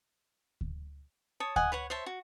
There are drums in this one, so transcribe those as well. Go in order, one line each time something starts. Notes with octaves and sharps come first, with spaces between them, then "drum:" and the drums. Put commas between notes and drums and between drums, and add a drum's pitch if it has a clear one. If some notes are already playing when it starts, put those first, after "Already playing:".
drum: kick D2
C#5 A5 D#6
D#5 F#5 G#5, drum: kick D2
B4 C#5 F#5
C5 C#5 E5 A5
F#4